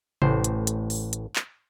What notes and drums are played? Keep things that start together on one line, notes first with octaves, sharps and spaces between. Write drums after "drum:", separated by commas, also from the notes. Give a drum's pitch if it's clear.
A1 A2 C5, drum: tom C3
drum: hi-hat
drum: hi-hat
drum: open hi-hat
drum: hi-hat
drum: clap